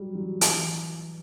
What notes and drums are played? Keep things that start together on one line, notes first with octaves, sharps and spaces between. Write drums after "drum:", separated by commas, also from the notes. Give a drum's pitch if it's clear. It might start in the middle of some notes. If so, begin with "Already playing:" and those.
Already playing: F#3 G3
F#3
E3, drum: hi-hat